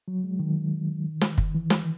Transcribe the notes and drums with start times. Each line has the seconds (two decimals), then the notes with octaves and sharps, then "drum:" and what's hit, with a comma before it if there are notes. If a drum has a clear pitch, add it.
0.08 F#3
0.24 G#3
0.39 D#3
1.21 drum: snare
1.38 drum: kick
1.55 E3
1.70 drum: snare